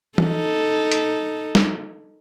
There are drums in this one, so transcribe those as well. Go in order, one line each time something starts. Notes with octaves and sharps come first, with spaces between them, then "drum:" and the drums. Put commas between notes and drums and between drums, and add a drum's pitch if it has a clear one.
D#4 A4, drum: tom
drum: hi-hat
drum: snare